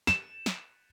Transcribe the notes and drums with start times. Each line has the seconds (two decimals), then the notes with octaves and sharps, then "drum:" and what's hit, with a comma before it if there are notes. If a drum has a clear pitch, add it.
0.07 E7, drum: snare
0.46 drum: snare